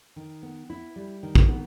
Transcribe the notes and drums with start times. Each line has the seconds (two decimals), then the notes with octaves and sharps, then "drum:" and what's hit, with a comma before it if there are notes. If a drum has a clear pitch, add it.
0.16 D#3
0.43 B3
0.70 E4
0.96 G3
1.23 D#3
1.35 drum: kick
1.49 B3